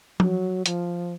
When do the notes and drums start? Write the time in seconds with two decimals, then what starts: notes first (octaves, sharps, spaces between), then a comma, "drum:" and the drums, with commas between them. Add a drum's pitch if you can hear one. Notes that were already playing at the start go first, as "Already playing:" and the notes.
0.20 F#3, drum: tom F3
0.66 F3, drum: hi-hat